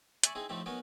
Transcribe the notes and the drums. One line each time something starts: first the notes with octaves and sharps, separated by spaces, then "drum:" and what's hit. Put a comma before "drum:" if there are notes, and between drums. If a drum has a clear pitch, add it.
D5 E5 G#5 B5 C#6, drum: hi-hat
C4 D#4 E4 G#4
A2 F3 A3 C4 D#4 G4
F#3 B3 C#4 D#4 A#4 D#5